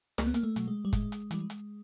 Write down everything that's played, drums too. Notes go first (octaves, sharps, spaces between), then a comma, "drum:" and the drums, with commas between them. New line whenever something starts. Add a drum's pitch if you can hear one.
C#2 A#3, drum: snare
B3
A#3, drum: hi-hat
A3
B2 F#3, drum: hi-hat
G#3
G3
A2 G#3, drum: kick F#1, hi-hat
drum: hi-hat
E3 G3, drum: hi-hat
drum: hi-hat